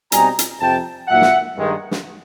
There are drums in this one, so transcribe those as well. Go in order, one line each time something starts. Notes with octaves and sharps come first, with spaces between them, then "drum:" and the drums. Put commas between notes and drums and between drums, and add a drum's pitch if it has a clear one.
B2 G3 C4 D#4 G#5 A#5, drum: hi-hat
drum: hi-hat
F2 C3 F3 G5 A5
A#2 F#3 A#3 D#4 E5 F#5
drum: snare
G2 D#3 G#3
drum: snare